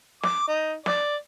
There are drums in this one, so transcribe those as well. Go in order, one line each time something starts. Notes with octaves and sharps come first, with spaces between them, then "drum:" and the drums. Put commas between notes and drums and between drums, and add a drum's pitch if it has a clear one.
D6, drum: snare
D#4
D5, drum: snare